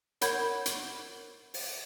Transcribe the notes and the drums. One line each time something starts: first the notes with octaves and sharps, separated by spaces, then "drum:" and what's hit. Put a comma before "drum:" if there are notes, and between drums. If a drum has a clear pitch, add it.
A#4 C#5 F#5 B5 G6 G#6, drum: hi-hat
drum: hi-hat
drum: open hi-hat